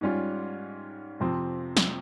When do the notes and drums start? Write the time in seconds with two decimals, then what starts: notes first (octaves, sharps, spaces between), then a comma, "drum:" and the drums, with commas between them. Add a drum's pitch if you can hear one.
0.01 G#2 G3 C#4 F4
1.20 F2 C3 F3 C4
1.77 drum: snare